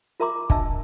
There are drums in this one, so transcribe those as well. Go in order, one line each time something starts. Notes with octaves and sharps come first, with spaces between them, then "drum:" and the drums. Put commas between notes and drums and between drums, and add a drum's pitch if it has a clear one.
F4 A#4 E5 A#5 C6 D6
D4 D#5 E5 A5 E6, drum: kick